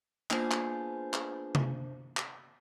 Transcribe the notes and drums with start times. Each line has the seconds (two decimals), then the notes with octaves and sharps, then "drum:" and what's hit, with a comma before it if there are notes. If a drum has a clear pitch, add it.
0.31 A#3 B3 D4 F4 G#4 C5, drum: clap
0.51 drum: clap
1.13 drum: clap
1.55 drum: tom C3
2.17 drum: clap